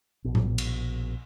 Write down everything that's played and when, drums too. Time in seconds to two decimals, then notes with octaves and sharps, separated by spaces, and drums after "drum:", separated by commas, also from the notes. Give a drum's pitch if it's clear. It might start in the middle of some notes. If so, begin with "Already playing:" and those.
0.24 A#1 B2
0.35 drum: tom A2
0.58 drum: cymbal